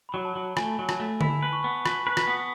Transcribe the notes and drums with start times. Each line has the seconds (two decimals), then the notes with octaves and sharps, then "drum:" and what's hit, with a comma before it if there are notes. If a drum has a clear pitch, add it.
0.09 F#3 B5
0.25 A5
0.36 F#3
0.57 A3 G#5, drum: rim click
0.79 F#3
0.89 A5, drum: rim click
1.00 A3
1.21 E4 B5, drum: tom D3
1.43 B4
1.53 C#6
1.64 B3
1.86 B4, drum: rim click
2.07 B4
2.17 drum: rim click
2.27 B3